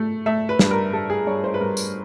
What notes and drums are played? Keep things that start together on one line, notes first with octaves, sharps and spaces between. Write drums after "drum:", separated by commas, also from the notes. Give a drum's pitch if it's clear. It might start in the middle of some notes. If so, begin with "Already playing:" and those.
Already playing: A3
A3 E5
B4
G2, drum: snare
A#4
G2 A4
G#4
G2 C#5
C5
B4
G2 A#4
drum: tambourine